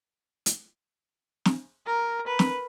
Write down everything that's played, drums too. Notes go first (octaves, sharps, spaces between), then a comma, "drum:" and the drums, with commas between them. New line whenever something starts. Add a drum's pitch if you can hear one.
drum: hi-hat
drum: snare
A#4
B4
drum: snare